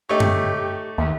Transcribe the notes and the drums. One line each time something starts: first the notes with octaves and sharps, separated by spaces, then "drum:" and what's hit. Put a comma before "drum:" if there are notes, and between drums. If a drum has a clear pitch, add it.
A3 D#4 G4 C#5
drum: tom F#2
D#2 E5